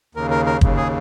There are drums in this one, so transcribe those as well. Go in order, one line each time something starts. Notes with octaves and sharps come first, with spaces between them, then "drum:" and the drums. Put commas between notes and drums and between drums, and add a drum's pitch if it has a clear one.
D#2 C#3 A#4
A#4
A#4
D#2 C#3, drum: kick
G#4